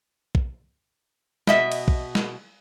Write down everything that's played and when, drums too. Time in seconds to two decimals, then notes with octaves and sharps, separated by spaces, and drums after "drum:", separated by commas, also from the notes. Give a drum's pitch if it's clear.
0.35 drum: kick
1.47 B2 D#5 E5, drum: snare
1.72 drum: cymbal
1.88 drum: kick
2.15 drum: snare